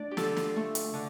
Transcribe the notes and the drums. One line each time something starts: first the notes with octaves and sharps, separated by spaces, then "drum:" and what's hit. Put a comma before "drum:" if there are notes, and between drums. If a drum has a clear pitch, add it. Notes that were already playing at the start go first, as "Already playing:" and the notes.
Already playing: A3 D4 D5
G4
D3 F4 A4, drum: snare
drum: snare
A3
drum: hi-hat
D3